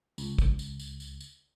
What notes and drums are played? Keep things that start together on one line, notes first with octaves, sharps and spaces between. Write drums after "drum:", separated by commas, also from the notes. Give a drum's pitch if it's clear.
C#2, drum: tambourine
drum: kick, tambourine
drum: tambourine
drum: tambourine
drum: tambourine
drum: tambourine